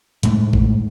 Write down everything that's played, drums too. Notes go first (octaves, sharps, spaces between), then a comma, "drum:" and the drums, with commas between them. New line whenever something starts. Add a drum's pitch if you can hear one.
A2 G#3 A3, drum: hi-hat
drum: kick A1